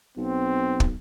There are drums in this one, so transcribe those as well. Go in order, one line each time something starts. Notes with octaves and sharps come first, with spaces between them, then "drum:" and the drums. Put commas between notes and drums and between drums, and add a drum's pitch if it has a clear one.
B1 C4
drum: kick